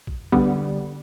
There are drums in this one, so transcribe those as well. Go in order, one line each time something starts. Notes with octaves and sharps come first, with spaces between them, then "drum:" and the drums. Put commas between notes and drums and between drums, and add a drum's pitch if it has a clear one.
drum: kick A1
D3 G3 B3, drum: kick A1